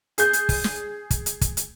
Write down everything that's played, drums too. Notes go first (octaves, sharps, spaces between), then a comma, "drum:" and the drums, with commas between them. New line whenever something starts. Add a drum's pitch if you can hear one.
G#4 G6, drum: hi-hat
drum: hi-hat
drum: kick, open hi-hat
drum: snare
drum: kick, hi-hat
drum: hi-hat
drum: kick, hi-hat
drum: hi-hat